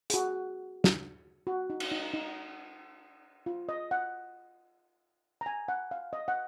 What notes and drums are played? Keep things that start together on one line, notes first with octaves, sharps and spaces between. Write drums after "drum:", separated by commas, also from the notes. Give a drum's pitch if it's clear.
G#4, drum: hi-hat
F#4
drum: snare
F#4
D#4
drum: cymbal
D#4
D#4
F4
D#5
F#5
A#5
G#5
F#5
F5
D#5
F#5